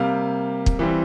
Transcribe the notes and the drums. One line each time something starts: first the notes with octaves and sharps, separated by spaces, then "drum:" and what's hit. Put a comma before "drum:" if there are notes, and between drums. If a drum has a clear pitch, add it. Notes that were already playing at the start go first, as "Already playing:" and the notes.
Already playing: C3 G3 A#3 F5
drum: kick
E3 G3 C4